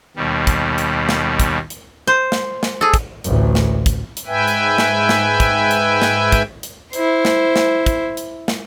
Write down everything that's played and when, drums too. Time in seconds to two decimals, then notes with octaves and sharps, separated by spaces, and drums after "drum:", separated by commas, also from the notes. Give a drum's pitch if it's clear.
0.16 D#2 B2 G3
0.47 drum: kick, hi-hat
0.78 drum: hi-hat
1.09 drum: snare
1.40 drum: kick, hi-hat
1.70 drum: hi-hat
2.07 C5
2.32 drum: snare
2.63 drum: snare
2.81 G#4 A4
2.94 drum: kick, hi-hat
3.24 A1 D2, drum: hi-hat
3.55 drum: snare
3.86 drum: kick, hi-hat
4.17 drum: hi-hat
4.26 G#2 B4 E5 G5 G#5
4.48 drum: hi-hat
4.78 drum: snare
5.09 drum: snare
5.40 drum: kick, hi-hat
5.71 drum: hi-hat
6.02 drum: snare
6.32 drum: kick, hi-hat
6.63 drum: hi-hat
6.93 E4 C5, drum: hi-hat
7.25 drum: snare
7.56 drum: snare
7.86 drum: kick, hi-hat
8.17 drum: hi-hat
8.48 drum: snare